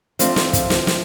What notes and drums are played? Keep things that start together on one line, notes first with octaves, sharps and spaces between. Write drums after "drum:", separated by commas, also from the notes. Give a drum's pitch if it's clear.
F3 A3 C4 D4 F4, drum: hi-hat
drum: snare
drum: kick, hi-hat
drum: snare
drum: snare